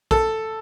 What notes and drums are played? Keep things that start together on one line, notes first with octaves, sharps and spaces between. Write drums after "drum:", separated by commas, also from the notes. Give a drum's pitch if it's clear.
A4, drum: kick